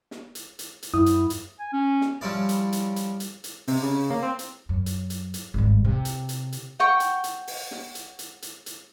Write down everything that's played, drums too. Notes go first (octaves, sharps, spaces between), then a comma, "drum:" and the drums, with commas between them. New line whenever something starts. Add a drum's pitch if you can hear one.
drum: snare
drum: hi-hat
drum: hi-hat
drum: hi-hat
F#2 E4 D#6
drum: hi-hat
drum: hi-hat
G#5
C#4
drum: snare
F3 G3 C#4 E4 D5
drum: hi-hat
drum: hi-hat
drum: hi-hat
drum: hi-hat
drum: hi-hat
C3, drum: open hi-hat
C#3
A#3
C4
drum: hi-hat
F#2
drum: hi-hat
drum: hi-hat
drum: hi-hat
G#1 G2
C3
drum: hi-hat
drum: hi-hat
drum: hi-hat
F#5 G5 C#6
drum: hi-hat
drum: hi-hat
drum: open hi-hat
drum: snare
drum: hi-hat
drum: hi-hat
drum: hi-hat
drum: hi-hat